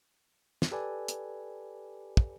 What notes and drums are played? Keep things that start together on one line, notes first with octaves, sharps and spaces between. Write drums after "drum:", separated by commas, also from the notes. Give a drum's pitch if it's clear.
drum: snare
G4 A4 B4 D5 G#5
drum: hi-hat
drum: kick